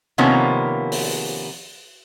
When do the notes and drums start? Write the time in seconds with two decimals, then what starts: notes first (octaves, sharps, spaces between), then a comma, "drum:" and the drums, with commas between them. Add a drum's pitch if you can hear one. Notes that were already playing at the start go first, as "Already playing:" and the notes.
0.18 C3 D#3 F3 A#3 B3 C#4
0.92 drum: open hi-hat